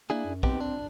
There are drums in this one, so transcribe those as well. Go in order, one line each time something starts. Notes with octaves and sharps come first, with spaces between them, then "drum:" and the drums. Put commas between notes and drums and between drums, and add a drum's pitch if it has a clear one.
A#3 D4 E4 G#4
F#2
B3 C4 D#4 G4, drum: kick A#1
D4